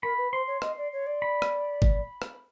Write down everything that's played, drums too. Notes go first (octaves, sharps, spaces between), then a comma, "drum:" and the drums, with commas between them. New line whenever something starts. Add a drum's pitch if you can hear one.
A#4 B5
B4
C5 C6
C#5
D#5, drum: rim click
D5
C#5
D5
B5
drum: rim click
drum: kick
drum: rim click